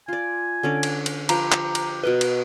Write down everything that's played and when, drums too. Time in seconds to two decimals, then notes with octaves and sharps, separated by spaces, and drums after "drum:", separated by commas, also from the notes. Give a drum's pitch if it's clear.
0.08 F4 D5 G#5
0.63 D3 C#4 D5
0.83 drum: cymbal
1.06 drum: cymbal
1.29 F3 G4 B4 C5 A#5, drum: cymbal
1.52 drum: clap
1.75 drum: cymbal
2.03 B2 A#4 B4 D#5
2.21 drum: cymbal